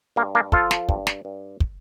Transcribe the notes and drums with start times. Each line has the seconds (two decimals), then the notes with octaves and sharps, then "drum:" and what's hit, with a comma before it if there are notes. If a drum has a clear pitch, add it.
0.16 G2 A#3
0.35 A#3 D4
0.52 F3 F4 A4, drum: kick
0.71 drum: snare
0.89 G2, drum: kick
1.07 drum: snare
1.25 G2
1.60 drum: kick